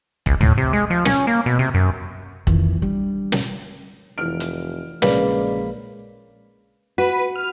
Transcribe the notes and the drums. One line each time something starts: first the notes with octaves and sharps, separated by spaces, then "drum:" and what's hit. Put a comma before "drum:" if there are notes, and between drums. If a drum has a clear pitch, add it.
C#2, drum: kick E1
A2, drum: tom
C3
G#3
F3
C#4, drum: snare
A#3
B2
C3
F#2
A#1 F2 D#3 E3, drum: kick E1
G3 D4
drum: snare
F1 E3 F6 D7
drum: hi-hat
A#1 C#3 G#3 A#3 B4 C#5 D5 B5, drum: snare
F#4 B4
F6